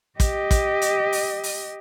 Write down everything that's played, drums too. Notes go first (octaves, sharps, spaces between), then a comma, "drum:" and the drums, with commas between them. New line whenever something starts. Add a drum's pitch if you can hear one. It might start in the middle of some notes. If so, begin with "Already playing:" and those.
G4 D#5, drum: kick, hi-hat
drum: kick, hi-hat
drum: hi-hat
drum: open hi-hat
drum: open hi-hat